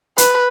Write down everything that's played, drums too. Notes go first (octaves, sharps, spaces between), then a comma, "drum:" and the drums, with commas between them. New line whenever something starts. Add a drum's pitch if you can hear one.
B4, drum: hi-hat